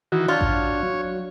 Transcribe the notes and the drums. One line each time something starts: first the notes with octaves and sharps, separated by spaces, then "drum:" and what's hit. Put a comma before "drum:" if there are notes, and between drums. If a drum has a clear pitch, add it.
D#3 E3 F#4
D4 F4 C#5
drum: kick A1
F#3